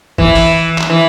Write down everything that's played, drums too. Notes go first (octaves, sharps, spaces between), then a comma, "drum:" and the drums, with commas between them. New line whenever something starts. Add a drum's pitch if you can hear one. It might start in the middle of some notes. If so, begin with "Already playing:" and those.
E3, drum: kick
drum: open hi-hat
drum: clap
E3